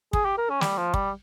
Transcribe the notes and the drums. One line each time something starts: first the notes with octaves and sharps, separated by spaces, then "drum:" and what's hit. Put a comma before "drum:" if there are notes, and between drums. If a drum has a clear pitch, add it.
G#4, drum: kick
G4
A#4
C#4
G3, drum: snare
F3
G3, drum: kick